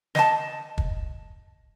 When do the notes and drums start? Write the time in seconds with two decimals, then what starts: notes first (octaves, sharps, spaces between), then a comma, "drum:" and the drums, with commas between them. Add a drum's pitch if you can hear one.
0.15 D#5 A5, drum: snare
0.78 drum: kick